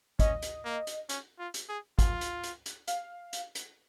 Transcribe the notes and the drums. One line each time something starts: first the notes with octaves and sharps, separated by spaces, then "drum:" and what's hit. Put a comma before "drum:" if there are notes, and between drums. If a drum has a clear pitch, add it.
C#4 D#5, drum: kick, hi-hat
drum: hi-hat
A#3
drum: hi-hat
C#4, drum: hi-hat
F4
drum: hi-hat
G#4
F4, drum: kick, hi-hat
drum: hi-hat
drum: hi-hat
drum: hi-hat
F5, drum: hi-hat
drum: hi-hat
drum: hi-hat